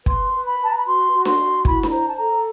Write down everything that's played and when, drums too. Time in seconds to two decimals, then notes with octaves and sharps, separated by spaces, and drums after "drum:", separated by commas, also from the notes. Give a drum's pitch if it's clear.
0.06 B4 C6, drum: kick
0.33 B4
0.46 B5
0.59 B4 A5
0.70 A#5
0.78 B5
0.86 F#4 C6
1.12 F#4
1.25 C6, drum: snare D4
1.38 F#4
1.65 E4 B5, drum: kick
1.83 B5, drum: snare D4
1.91 C5 A#5
2.08 A5
2.17 A4 A#5